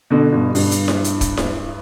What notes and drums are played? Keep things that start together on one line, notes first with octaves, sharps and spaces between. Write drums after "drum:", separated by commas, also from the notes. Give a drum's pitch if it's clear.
B2 D3
G2 B2
G2, drum: open hi-hat
drum: hi-hat
drum: snare E4
drum: hi-hat
drum: kick, hi-hat
drum: snare E4